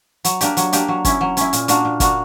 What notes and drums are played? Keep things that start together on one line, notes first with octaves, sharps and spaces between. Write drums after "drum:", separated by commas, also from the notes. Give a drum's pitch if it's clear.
F#3, drum: hi-hat
A#3 D4 G4, drum: hi-hat
F#3, drum: hi-hat
A#3 D4 G4, drum: hi-hat
F#3
C#4 E4, drum: kick, hi-hat
F#3
C#4 E4, drum: hi-hat
A#2, drum: hi-hat
A#3 D4 F#4, drum: hi-hat
A#2
A#3 D4 F#4, drum: kick, hi-hat